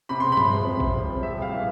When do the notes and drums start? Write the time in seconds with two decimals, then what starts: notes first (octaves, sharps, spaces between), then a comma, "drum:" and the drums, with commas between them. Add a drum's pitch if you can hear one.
0.09 C3 B5
0.20 C3 C6
0.32 B5
0.37 F3, drum: tom G2
0.52 E1
0.66 C3
0.80 C3, drum: kick A1
0.94 F3
1.09 F3
1.23 G3 E5
1.37 A2 F5
1.52 E3